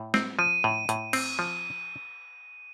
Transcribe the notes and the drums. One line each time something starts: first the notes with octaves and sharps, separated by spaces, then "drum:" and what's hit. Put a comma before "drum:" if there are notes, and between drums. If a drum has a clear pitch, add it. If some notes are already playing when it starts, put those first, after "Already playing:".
Already playing: A2
C4, drum: snare
F3 D#7
A2
A2, drum: hi-hat
C4, drum: cymbal
F3